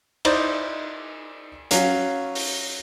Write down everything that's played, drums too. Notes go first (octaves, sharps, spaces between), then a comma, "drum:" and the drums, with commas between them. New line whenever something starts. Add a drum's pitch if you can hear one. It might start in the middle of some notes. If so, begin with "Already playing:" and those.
D#4 E4 C5 D5, drum: cymbal
F#3 C#4 F5, drum: hi-hat
drum: open hi-hat